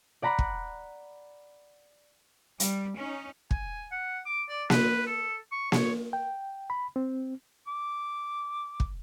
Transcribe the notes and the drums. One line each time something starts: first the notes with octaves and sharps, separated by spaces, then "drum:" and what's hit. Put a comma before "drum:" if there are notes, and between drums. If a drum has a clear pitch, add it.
D5 F#5 A#5 B5
drum: kick
G3, drum: hi-hat
C#4 D#4
G#5, drum: kick
F#5
D6
D5
B4, drum: snare A#3
A4
C#6
C#5, drum: snare A#3
G5
B5
C4
D6
drum: kick